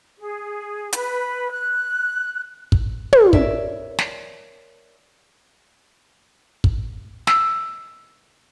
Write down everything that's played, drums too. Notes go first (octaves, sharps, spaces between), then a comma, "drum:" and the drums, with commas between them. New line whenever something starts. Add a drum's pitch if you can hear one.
G#4
B4, drum: hi-hat
F#6
drum: kick
drum: tom
A#4 C#5 D5 E5, drum: kick
drum: snare
drum: kick
E6, drum: snare